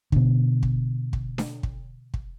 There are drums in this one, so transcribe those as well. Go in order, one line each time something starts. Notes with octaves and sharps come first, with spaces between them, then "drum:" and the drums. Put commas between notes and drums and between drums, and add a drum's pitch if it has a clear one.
B2 D3, drum: kick
drum: kick
drum: kick
drum: snare D4
drum: kick
drum: kick